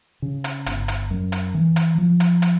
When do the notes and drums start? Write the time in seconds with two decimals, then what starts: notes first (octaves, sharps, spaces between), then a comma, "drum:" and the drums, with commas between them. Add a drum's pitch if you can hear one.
0.22 C#3
0.44 drum: hi-hat
0.66 G1, drum: hi-hat
0.88 drum: hi-hat
1.11 F#2
1.32 drum: hi-hat
1.55 E3
1.76 drum: hi-hat
1.98 F3
2.20 drum: hi-hat
2.42 drum: hi-hat